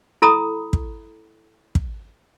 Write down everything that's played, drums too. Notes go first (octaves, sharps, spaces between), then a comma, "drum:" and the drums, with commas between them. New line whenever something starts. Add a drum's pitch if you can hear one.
E4 A4 A#5 B5 D#6
drum: kick
drum: kick